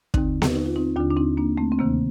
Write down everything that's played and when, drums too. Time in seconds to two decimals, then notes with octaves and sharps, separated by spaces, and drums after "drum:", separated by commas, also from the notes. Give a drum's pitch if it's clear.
0.14 D#2 D3 C4 D#4, drum: kick
0.42 drum: snare B3
0.55 D#4
0.66 F4
0.76 C4 D#4
0.96 D#2 D3 D4 F4
1.11 D4
1.17 C4 D#4
1.37 A#3 D4
1.57 A3 C4
1.72 C4
1.79 D2 C3 D#3 A#3